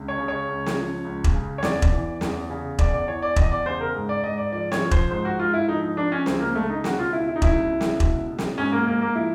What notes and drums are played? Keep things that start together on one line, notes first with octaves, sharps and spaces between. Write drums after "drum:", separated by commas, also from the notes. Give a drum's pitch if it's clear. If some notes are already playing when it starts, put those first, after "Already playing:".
Already playing: C#2
C#5
C#3
C#5
C#2
drum: snare
F3
C#2
drum: kick E1
C#3
C#5
E2 D5, drum: snare
drum: kick E1
E3
E2, drum: snare
C#3
E2 D5, drum: kick E1
D5
E3 C#5
D5
E2 D#5, drum: kick E1
D5
C#3 C5
A#4
G#2
D5
G#2 D#5
D5
F3 D5
C#5, drum: snare
F3
C5, drum: kick E1
G#2 C5
F#4
G#2 F4
E4
F3 D#4
D#4
F3 D4
C#4
C#2 C4, drum: snare
A#3
C#2 A3
D#4
B2 F#4, drum: snare
F4
B2 E4
E4
D#4
C#2 E4, drum: kick E1
C#2
drum: snare
B2, drum: kick E1
B2
drum: snare
G#2 C#4
A#3
G#2 A#3
A#3
F3 E4